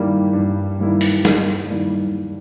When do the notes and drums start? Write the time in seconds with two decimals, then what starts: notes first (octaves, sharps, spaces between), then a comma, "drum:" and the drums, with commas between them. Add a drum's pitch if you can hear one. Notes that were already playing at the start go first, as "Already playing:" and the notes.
Already playing: G2 D#3 G3 A#3 E4
0.33 G2
0.78 D#3 G3 A#3 E4
1.01 drum: open hi-hat
1.25 G2, drum: snare
1.70 D#3 G3 A#3 E4